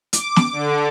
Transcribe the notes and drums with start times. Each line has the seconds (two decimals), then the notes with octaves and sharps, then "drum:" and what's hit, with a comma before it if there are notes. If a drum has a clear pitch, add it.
0.13 D6, drum: hi-hat
0.36 drum: snare
0.53 D3